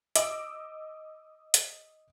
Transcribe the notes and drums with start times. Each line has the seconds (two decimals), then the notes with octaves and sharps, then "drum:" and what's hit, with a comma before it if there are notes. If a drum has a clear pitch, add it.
0.16 D#5 D6 E6 D7, drum: hi-hat
1.54 drum: hi-hat